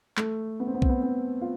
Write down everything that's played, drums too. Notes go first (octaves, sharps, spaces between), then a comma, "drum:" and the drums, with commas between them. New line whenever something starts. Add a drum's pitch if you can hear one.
A3, drum: clap
B3
C4
B3
C4, drum: kick B1
B3
C4
F4